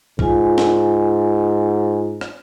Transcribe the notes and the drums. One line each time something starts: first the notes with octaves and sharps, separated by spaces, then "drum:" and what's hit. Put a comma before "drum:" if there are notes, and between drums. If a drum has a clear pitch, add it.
G#2 F4 G#5, drum: kick
drum: snare
drum: rim click